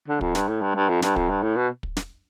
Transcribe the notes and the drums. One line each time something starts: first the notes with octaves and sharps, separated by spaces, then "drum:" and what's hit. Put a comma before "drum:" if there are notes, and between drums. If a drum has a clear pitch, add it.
D3
F2, drum: kick
G2, drum: snare
A2
G2
G2
F2
G2, drum: snare
F2, drum: kick
G2
A2
B2
drum: kick
drum: snare